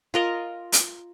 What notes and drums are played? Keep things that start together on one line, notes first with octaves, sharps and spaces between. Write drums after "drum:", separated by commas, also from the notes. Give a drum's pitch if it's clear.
F4 A#4 D#5
drum: hi-hat